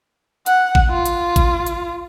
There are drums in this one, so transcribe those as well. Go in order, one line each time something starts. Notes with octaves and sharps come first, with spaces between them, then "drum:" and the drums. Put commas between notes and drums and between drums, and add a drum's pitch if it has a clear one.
F#5, drum: hi-hat
drum: kick G#1
F4
drum: hi-hat
drum: kick G#1, hi-hat
drum: hi-hat